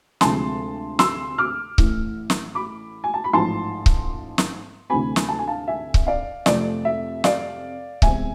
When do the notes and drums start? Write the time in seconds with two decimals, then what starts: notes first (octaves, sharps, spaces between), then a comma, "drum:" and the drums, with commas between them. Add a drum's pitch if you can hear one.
0.21 D2 C3 F3 G#3 A5 C6, drum: snare
0.99 C6 E6, drum: snare
1.38 D6 F6
1.78 A1 A2 E3, drum: kick C#1
2.30 drum: snare
2.55 B5 D6
3.04 G#5
3.14 A5
3.24 B5
3.33 A1 G#2 F3 A5 C6
3.86 drum: kick C#1
4.38 drum: snare
4.90 D2 C3 E3 A3 C4 G#5 B5
5.16 drum: snare
5.28 A5
5.39 G#5
5.48 F5 A5
5.68 E5 G#5
5.94 drum: kick C#1
6.07 D5 F5
6.46 F2 C3 F3 A3 C4 D5, drum: snare
6.85 E5
7.24 D5 F5, drum: snare
8.02 E2 C3 G#3 C4 E5 G#5, drum: kick C#1